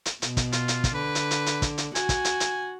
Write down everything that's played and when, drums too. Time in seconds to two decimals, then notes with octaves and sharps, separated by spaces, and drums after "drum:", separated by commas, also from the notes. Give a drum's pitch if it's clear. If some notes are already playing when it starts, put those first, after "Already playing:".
0.05 drum: hi-hat
0.22 B2, drum: hi-hat
0.37 drum: kick, hi-hat
0.52 F4, drum: hi-hat
0.68 drum: hi-hat
0.84 drum: kick, hi-hat
0.95 D3 B4
1.15 drum: hi-hat
1.31 drum: hi-hat
1.46 drum: hi-hat
1.62 drum: kick, hi-hat
1.78 drum: hi-hat
1.95 F#4 G#5, drum: hi-hat
2.09 drum: kick, hi-hat
2.25 drum: hi-hat
2.40 drum: hi-hat